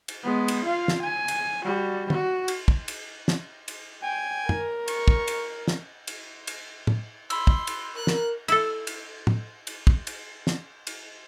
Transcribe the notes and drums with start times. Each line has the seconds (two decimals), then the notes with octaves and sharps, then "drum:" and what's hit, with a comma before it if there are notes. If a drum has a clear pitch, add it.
0.08 drum: cymbal
0.23 G#3 B3
0.48 drum: cymbal
0.64 F4 F5
0.88 drum: snare
1.02 G#5
1.28 drum: cymbal
1.64 G3 F#4
2.10 F#4, drum: tom
2.48 drum: cymbal
2.68 drum: kick
2.88 drum: cymbal
3.28 drum: snare
3.68 drum: cymbal
4.03 G5 G#5
4.49 A#4, drum: tom
4.88 C#6, drum: cymbal
5.08 drum: kick
5.28 drum: cymbal
5.68 drum: snare
6.07 drum: cymbal
6.47 drum: cymbal
6.87 drum: tom
7.30 B5 C6 E6, drum: cymbal
7.47 drum: kick
7.67 drum: cymbal
7.96 A#4 F#6
8.07 drum: snare
8.48 E4 A4 E6, drum: cymbal
8.87 drum: cymbal
9.27 drum: tom
9.67 drum: cymbal
9.87 drum: kick
10.07 drum: cymbal
10.47 drum: snare
10.87 drum: cymbal